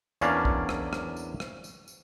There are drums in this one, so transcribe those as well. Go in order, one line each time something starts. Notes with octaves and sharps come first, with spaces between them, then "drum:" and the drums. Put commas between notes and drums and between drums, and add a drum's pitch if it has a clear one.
E2 A#3 C#4 D4 D5 F5, drum: tambourine
drum: kick
drum: rim click
drum: rim click
drum: tambourine
drum: rim click
drum: tambourine
drum: tambourine